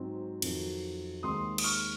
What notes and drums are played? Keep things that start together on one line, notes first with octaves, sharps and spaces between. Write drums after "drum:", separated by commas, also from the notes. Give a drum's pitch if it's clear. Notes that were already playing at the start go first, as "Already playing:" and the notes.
Already playing: G#2 F#3 C4
F2 D#3 F#3, drum: cymbal
D#2 D#3 G#3 C4 C6 D#6
D#6, drum: cymbal
C#6 F6